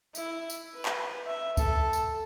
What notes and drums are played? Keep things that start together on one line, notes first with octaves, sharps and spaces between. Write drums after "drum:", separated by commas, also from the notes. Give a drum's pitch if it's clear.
E4, drum: tambourine
drum: tambourine
B4
drum: clap
E5
A4, drum: kick C#2, tambourine
drum: tambourine